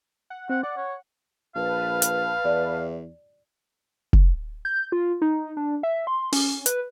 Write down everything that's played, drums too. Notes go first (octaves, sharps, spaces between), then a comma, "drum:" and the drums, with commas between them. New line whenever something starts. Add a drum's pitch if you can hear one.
F#5
C4 F#5
D5 F#5
C#5
A#1 B4 F5 A5
drum: hi-hat
E2 D5
drum: kick
G6
F4
D#4
D4
E5
C6
C#4, drum: open hi-hat
B4, drum: hi-hat